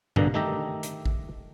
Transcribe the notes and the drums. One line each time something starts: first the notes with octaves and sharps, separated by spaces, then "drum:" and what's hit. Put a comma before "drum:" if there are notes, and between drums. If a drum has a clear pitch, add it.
A#1 G2 B2 D3 A#3 A#5, drum: tom G2
D#3 A3 D#4 G4 E5 A#5
drum: hi-hat
drum: kick A1